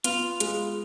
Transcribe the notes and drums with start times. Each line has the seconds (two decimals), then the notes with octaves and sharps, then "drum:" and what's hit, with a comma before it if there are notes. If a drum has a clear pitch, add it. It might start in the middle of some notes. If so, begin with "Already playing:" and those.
0.04 B3 F4, drum: hi-hat
0.40 G#3, drum: hi-hat